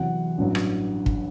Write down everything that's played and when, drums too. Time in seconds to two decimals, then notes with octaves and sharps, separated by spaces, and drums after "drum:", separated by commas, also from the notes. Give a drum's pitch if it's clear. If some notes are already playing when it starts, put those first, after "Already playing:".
Already playing: E2 C3 F#3 F#5
0.38 A1 G2 F#3
0.55 drum: rim click
1.06 drum: kick